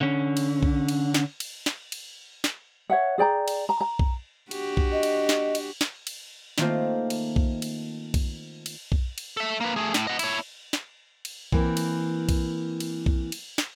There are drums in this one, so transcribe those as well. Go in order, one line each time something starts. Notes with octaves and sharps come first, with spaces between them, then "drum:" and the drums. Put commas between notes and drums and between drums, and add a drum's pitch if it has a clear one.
D3 C#4
drum: cymbal
drum: kick B1
drum: cymbal
drum: snare
drum: cymbal
drum: snare
drum: cymbal
drum: snare
C#5 E5 F#5
G#4 D5 G5 A#5
drum: cymbal
A#5
A#5
drum: kick B1
D4 F#4 G4, drum: cymbal
drum: kick B1
D#5
drum: cymbal
drum: snare
drum: cymbal
drum: snare
drum: cymbal
D#3 A3 A#3 C4 F4 C5, drum: snare
drum: cymbal
drum: kick B1
drum: cymbal
drum: kick B1, cymbal
drum: cymbal
drum: kick B1
drum: cymbal
A4 E5
A#3 B4
A3 G#4
A2, drum: snare
D#5 F#5
E4 C#5, drum: cymbal
drum: snare
drum: cymbal
E3 A#3 C4, drum: kick B1
drum: cymbal
drum: kick B1, cymbal
drum: cymbal
drum: kick B1
drum: cymbal
drum: snare